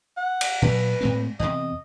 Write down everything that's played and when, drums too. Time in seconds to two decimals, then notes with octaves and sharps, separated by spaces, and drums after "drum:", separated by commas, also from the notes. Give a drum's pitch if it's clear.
0.17 F#5
0.41 drum: cymbal
0.62 A#2 F#3 B4
1.01 A2 G#3 C4
1.40 E2 C3 D#5